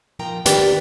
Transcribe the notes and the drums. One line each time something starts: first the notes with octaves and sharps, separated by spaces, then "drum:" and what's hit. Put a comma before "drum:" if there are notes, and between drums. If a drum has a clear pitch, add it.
A#2 F3 F4 A#4 G5 A#5
D#3 G4 A#4 B4 D5 G5, drum: hi-hat